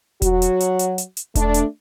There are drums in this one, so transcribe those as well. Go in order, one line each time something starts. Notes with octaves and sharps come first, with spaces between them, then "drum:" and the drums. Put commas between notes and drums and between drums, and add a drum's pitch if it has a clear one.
F#3 F#4, drum: kick E1, hi-hat
drum: hi-hat
drum: hi-hat
drum: hi-hat
drum: hi-hat
drum: hi-hat
A3 D4, drum: kick E1, hi-hat
drum: hi-hat